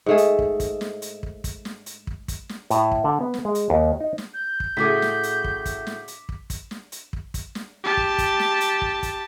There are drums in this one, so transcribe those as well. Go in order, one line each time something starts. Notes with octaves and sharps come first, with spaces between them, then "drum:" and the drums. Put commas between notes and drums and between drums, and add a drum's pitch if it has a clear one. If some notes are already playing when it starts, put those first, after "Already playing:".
G#2 A3 G#4
drum: hi-hat
drum: kick
drum: kick, hi-hat
drum: snare
drum: hi-hat
drum: kick
drum: kick, hi-hat
drum: snare
drum: hi-hat
drum: kick
drum: kick, hi-hat
drum: snare
A2, drum: hi-hat
drum: kick
D3
B3
drum: snare
G#3
drum: hi-hat
D#2
D#4
drum: snare
G6
drum: kick
A2 C#3 A3 F#4 G#4 D6 B6
drum: snare
drum: hi-hat
drum: kick
drum: kick, hi-hat
drum: snare
drum: hi-hat
drum: kick
drum: kick, hi-hat
drum: snare
drum: hi-hat
drum: kick
drum: kick, hi-hat
drum: snare
G4 A5
drum: kick
drum: kick, hi-hat
drum: snare
drum: hi-hat
drum: kick
drum: kick, hi-hat